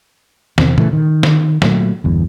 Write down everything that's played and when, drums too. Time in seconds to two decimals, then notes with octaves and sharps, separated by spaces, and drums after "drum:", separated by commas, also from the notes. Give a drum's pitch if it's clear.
0.58 E2 C3 C4, drum: snare
0.78 C#3 E3 A3, drum: tom A#2
0.93 D#3
1.23 drum: snare
1.62 A#2 F#3 A3, drum: snare
2.04 G1 E2